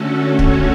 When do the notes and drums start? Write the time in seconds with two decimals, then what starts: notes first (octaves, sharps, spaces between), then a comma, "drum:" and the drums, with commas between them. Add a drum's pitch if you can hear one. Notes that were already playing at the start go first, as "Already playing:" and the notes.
Already playing: D3 A3 C#4 F#4 A4
0.39 A4 C#5, drum: kick